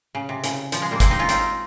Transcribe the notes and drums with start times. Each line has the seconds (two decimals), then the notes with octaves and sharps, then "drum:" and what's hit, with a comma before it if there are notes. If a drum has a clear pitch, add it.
0.15 C#3
0.29 C3
0.44 C#3, drum: hi-hat
0.72 F3, drum: hi-hat
0.82 G#3
0.91 G3 A#3
1.00 G#3 C4, drum: kick G1, hi-hat
1.10 C4 D#4
1.19 C#4 F4
1.29 C4 D#4, drum: hi-hat